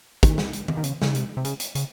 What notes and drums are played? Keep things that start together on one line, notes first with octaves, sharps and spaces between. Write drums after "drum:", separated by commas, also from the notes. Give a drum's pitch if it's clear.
D#3, drum: kick, hi-hat
drum: snare
drum: hi-hat
drum: tom D#3
D#3
C#3, drum: hi-hat
C#3, drum: snare
C3, drum: hi-hat
C3
C#3, drum: hi-hat
drum: hi-hat
C#3, drum: hi-hat